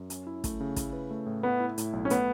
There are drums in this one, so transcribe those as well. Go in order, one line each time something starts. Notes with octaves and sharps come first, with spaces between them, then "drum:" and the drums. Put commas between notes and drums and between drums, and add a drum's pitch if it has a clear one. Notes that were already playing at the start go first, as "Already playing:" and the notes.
Already playing: F#2
C#4, drum: hi-hat
E4
A3, drum: kick, hi-hat
C#3
E4, drum: kick, hi-hat
B4
A3
A2
A3 B3
E4
A2, drum: hi-hat
B1
C#4
A3 B3, drum: hi-hat